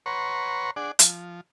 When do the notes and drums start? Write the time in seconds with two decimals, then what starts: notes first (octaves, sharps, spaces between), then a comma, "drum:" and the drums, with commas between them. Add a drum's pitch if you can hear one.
0.06 B4 C#5 F#5 A#5 C6 C#6
0.76 D4 G#4 D5 F#5
0.99 F3, drum: hi-hat